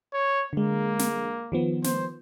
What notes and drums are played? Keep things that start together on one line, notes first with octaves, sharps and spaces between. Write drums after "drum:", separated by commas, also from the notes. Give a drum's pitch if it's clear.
C#5
D3 G#3 A#3
drum: snare
D#3 F3 B3
C5, drum: snare